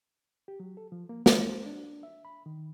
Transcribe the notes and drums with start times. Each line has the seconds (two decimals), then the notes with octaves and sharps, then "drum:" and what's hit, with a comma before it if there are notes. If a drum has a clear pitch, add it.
0.48 G4
0.60 F#3
0.77 A4
0.92 F3
1.09 A#3
1.26 C#5, drum: snare
1.49 C5
1.66 D4
2.03 E5
2.25 B5
2.46 D#3